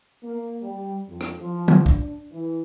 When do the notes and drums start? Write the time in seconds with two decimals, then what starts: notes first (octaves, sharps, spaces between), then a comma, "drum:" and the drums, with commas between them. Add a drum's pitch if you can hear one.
0.23 A#3
0.62 G3
1.08 F2
1.21 drum: rim click
1.41 F3
1.68 drum: tom
1.86 D4, drum: kick
2.32 E3